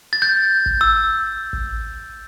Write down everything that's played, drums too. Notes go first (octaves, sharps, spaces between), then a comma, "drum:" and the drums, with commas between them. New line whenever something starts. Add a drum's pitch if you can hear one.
A6
G6
drum: kick
E6
drum: kick